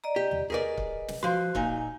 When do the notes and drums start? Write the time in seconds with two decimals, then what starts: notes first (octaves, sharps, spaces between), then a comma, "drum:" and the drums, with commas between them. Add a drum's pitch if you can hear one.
0.04 D5 D#5 A#5
0.16 G4
0.31 drum: tom
0.50 G#4 A#4 B4 D5 D#5
0.77 drum: kick
1.08 drum: snare
1.23 F3 F#4 C5 C6
1.55 A#2 D#4 G#5, drum: kick